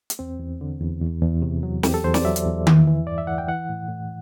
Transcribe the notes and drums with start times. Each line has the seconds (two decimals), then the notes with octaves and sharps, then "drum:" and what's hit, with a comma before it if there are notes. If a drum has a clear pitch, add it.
0.10 drum: hi-hat
0.19 E2 C4
0.39 E2
0.61 D3
0.81 E2
1.01 E2
1.22 E2
1.42 C3
1.63 F#3
1.83 E2 G4, drum: snare
1.94 A4
2.04 E2 C5
2.14 D5, drum: snare
2.25 F#3 E5
2.36 drum: hi-hat
2.45 E2
2.67 E3, drum: tom D#3
2.87 E3
3.07 G2 D5
3.18 E5
3.27 E3 F#5
3.38 G5
3.48 E3 F#5
3.69 A2
3.89 A2